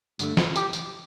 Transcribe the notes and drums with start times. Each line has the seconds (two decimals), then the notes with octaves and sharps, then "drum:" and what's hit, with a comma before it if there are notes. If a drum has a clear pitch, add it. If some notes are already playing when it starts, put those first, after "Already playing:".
0.19 G2 D3 A3, drum: tambourine
0.37 drum: snare
0.56 G4, drum: tambourine
0.73 drum: tambourine